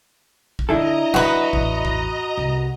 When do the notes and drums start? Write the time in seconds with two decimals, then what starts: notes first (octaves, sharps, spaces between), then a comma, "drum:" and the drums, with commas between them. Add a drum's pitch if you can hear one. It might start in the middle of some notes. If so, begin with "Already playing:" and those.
0.59 drum: kick
0.69 D3 D4 E4 F4 A4 D#5 A#5
1.14 D#3 F#3 F#4 B4
1.53 A1 E2, drum: kick
1.85 drum: kick
2.37 C2